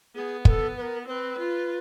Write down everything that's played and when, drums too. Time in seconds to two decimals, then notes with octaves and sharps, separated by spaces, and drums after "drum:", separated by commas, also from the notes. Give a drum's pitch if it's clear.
0.15 B3 G#4
0.45 A#4, drum: kick
0.49 A4
0.77 B4
0.81 A#4
1.07 C4 B4 C5
1.38 F4